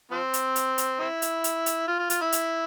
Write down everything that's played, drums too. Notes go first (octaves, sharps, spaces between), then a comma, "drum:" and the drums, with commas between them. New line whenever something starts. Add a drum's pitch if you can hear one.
F3 C4
drum: hi-hat
drum: hi-hat
drum: hi-hat
C4 E4
drum: hi-hat
drum: hi-hat
drum: hi-hat
F4
F4
F4, drum: hi-hat
E4
drum: hi-hat